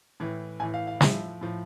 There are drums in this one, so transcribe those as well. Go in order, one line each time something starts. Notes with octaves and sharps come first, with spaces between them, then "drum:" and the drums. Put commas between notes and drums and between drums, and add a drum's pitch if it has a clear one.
A2 E3
A2 E3 G#5
F5
F5
A2 F3 E5, drum: snare
A2 F3